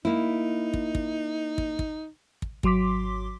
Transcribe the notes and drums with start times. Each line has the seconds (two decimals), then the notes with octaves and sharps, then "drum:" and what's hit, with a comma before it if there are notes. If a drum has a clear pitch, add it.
0.05 A#3 D#4 E4
0.74 drum: kick
0.95 drum: kick
1.58 drum: kick
1.79 drum: kick
2.42 drum: kick
2.63 G#1 F#3 C6 D6 B6, drum: kick